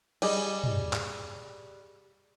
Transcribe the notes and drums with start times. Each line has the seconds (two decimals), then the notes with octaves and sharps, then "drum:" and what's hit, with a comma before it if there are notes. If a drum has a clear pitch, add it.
0.22 G3 G#4 D#5, drum: cymbal
0.64 drum: tom
0.93 drum: clap